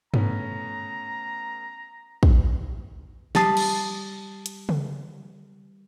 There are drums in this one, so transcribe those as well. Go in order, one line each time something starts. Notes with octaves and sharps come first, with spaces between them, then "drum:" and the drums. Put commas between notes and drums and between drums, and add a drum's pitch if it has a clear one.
A3 B3 C#4 A#5, drum: tom G2
drum: kick
G3 A5 D#6 C7, drum: snare
drum: cymbal
drum: hi-hat
drum: tom C#3